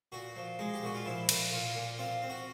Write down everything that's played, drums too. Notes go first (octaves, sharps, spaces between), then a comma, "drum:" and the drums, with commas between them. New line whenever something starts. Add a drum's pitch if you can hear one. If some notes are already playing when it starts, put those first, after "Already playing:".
A#2 F#4
F3
G#3 D#4
G4
A#2 F#4
F4
F3 E4
A#2, drum: cymbal
A#2 F4
A#2
C4 F4
C4
F#4